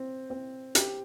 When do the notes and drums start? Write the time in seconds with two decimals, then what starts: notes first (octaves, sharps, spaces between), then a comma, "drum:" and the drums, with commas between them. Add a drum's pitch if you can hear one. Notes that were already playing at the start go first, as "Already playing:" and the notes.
Already playing: C4
0.30 C4
0.75 G4, drum: hi-hat